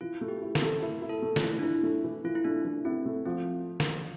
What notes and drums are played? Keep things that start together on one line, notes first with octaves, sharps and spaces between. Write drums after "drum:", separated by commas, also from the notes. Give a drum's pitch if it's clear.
E3 F4
A3
G4
E4
A4, drum: snare
A3
E4 A#4
E4
A4
A3
F4, drum: snare
E3
D4
E3 E4
A3
E3
E3 F4
E4
A3 D4
E3
C4 E4
A3
F3 C4
drum: snare